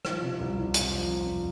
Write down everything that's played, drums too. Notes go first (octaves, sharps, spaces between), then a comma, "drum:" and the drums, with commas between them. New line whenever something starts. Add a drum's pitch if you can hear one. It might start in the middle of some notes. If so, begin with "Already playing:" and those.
F3, drum: rim click
C3
C2
C2
F1, drum: hi-hat
F3
F2
F1